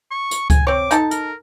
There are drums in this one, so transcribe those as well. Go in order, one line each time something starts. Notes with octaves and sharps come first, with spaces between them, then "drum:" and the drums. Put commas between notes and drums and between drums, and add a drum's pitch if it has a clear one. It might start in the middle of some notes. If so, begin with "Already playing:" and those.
C#6
drum: hi-hat
G#5, drum: kick C#2, hi-hat
C4 C#5 D6
D#4 A4 A5, drum: hi-hat
A#4, drum: hi-hat